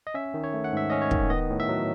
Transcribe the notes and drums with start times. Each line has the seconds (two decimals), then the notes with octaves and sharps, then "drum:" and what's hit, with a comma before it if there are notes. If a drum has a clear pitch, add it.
0.07 D#5
0.14 C#4 E5
0.34 D#3
0.44 C#5
0.54 A3
0.64 F#5
0.73 G#2 E5
0.90 C#4 D#5
1.02 C#5
1.11 D#3, drum: kick
1.30 B3 D#5
1.50 A2
1.60 E5
1.69 F#3